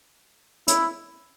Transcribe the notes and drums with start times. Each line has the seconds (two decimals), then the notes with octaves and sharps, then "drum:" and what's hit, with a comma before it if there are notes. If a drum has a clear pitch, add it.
0.68 E4, drum: hi-hat